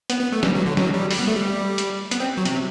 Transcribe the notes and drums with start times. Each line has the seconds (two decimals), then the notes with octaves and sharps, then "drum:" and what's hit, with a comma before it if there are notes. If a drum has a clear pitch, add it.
0.10 B3, drum: hi-hat
0.21 B3
0.32 A3
0.43 G3, drum: snare
0.55 F#3
0.66 D3
0.77 F#3, drum: snare
0.94 G3
1.11 G3, drum: open hi-hat
1.19 B3
1.27 A3
1.36 G3
1.78 drum: hi-hat
2.11 B3, drum: hi-hat
2.20 C4
2.37 F#3
2.45 C3, drum: hi-hat